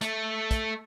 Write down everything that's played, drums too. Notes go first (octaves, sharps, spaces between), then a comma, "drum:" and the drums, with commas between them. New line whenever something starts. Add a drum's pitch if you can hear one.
A3, drum: hi-hat
drum: kick, hi-hat